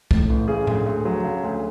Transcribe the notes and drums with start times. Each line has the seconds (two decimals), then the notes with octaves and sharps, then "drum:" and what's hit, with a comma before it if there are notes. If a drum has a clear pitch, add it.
0.11 A2, drum: kick
0.29 A1
0.48 C#3 G#4
0.67 D2, drum: tom A2
0.86 D2
1.05 F#3
1.24 C#3
1.43 D2